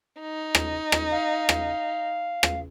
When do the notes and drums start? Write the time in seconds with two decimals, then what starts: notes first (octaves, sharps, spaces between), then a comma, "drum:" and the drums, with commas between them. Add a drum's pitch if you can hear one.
0.21 D#4
0.55 drum: rim click
0.92 drum: rim click
1.11 F5
1.49 drum: rim click
2.43 drum: rim click